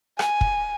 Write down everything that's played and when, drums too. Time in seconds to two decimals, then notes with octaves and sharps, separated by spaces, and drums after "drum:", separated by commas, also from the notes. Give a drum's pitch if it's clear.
0.19 G#5, drum: rim click
0.41 drum: kick